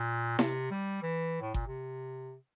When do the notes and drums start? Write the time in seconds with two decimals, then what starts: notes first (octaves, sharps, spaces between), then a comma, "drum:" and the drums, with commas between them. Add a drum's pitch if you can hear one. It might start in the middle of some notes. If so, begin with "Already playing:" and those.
Already playing: A#2
0.39 C3, drum: snare E4
0.71 G3
1.03 E3
1.41 A2
1.54 A#2, drum: kick G1
1.67 C3